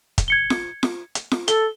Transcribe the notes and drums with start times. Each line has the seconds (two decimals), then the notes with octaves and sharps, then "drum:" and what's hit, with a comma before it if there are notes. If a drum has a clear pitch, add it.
0.18 drum: kick, hi-hat
0.28 G#6 C#7 G7
0.50 drum: snare F4
0.83 drum: snare F4
1.15 drum: hi-hat
1.31 drum: snare F4
1.48 A4 G7, drum: hi-hat